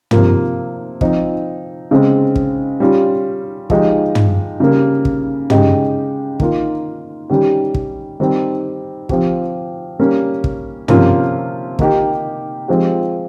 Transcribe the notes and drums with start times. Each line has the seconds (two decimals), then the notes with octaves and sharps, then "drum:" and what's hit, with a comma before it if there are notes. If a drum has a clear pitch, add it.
0.11 C3 F3 A#3 F4, drum: tom
1.01 F3 C4 D#4, drum: kick
1.91 C#3 G#3 C4
2.36 drum: kick
2.80 G3 C#4 F4
3.70 F3 G#3 D#4 G4, drum: kick
4.15 drum: tom
4.60 C#3 G3 A#3
5.05 drum: kick
5.50 C#3 G#3 D#4 G4, drum: tom
6.40 D#3 A#3 F4, drum: kick
7.30 D#3 G3 C#4 G4
7.74 drum: kick
8.20 D#3 G3 C4 G4
9.09 F3 C4 G4, drum: kick
9.99 G3 A#3 C#4
10.44 drum: kick
10.88 C3 F3 A#3 C#4 F4, drum: tom
11.79 D#3 A#3 D#4 G4, drum: kick
12.68 F3 G#3 C4 G4